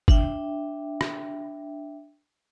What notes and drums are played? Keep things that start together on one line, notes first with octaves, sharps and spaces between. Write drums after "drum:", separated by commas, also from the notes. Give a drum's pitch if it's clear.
D4 E5 G5, drum: kick
drum: rim click